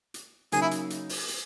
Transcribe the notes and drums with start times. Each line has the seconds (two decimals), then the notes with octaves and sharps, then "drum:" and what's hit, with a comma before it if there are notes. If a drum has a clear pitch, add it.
0.14 drum: hi-hat
0.52 C#3 F#3 A#3 D#4 G#4, drum: hi-hat
0.62 E4
0.71 drum: hi-hat
0.90 drum: hi-hat
1.09 drum: open hi-hat
1.28 drum: hi-hat